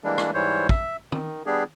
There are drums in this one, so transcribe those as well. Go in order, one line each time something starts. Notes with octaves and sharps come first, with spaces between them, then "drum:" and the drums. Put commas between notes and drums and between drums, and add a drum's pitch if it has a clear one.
E3 G3 G#3 A#3 D4
drum: rim click
G#2 E3 G3 C5 C#5
E5, drum: kick
D#3, drum: tom
G3 B3 D4 G4 G#4